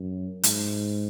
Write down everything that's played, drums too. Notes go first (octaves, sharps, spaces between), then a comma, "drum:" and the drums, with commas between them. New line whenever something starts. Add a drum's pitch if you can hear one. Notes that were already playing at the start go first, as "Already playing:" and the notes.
Already playing: F#2
G#2, drum: hi-hat